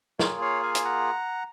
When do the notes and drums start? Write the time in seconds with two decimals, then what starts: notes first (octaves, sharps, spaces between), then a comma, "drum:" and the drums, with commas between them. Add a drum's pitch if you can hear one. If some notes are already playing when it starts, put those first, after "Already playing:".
0.19 A#3 F4 G#4 A#4 C#5, drum: snare
0.41 C#5 F5
0.63 F5 G#5
0.75 G#5, drum: hi-hat
0.85 F#5 A#5